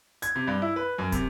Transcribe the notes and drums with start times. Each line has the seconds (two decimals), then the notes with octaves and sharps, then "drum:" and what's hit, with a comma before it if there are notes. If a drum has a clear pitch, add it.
0.22 G#6, drum: hi-hat
0.36 C3
0.47 G2
0.62 E4
0.76 B4
0.98 F#2
1.12 C3, drum: kick, hi-hat